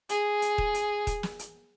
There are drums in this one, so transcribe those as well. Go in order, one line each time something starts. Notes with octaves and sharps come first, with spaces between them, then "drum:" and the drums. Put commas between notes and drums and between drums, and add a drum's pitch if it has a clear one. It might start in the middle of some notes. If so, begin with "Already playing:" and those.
G#4, drum: hi-hat
drum: hi-hat
drum: kick D#1
drum: hi-hat
drum: kick D#1, hi-hat
drum: snare
drum: hi-hat